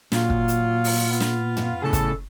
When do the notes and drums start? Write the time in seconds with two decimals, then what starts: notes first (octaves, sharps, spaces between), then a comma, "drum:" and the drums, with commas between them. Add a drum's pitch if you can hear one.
0.12 A#2 F#3 F4, drum: snare
0.30 drum: kick
0.48 drum: hi-hat
0.84 drum: open hi-hat
1.09 B3 F4
1.20 drum: snare
1.57 drum: tom
1.82 A2 C#3 G#4 A4
1.93 drum: kick, hi-hat